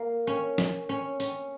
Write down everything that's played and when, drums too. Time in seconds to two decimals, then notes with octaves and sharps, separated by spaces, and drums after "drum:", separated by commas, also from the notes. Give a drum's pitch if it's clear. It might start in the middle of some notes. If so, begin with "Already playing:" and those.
Already playing: A#3
0.27 C#4
0.58 drum: snare
0.89 C#4
1.20 C#4, drum: tambourine